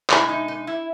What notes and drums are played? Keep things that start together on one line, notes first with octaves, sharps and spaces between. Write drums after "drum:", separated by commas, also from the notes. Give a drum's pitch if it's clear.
B2 G#3 E4, drum: clap
D#4
D#4
E4